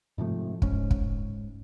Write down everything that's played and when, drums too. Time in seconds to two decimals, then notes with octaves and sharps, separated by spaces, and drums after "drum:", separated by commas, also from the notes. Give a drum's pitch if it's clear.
0.18 G#2 C3 F3 A3
0.62 G#2 C#4, drum: kick
0.91 drum: kick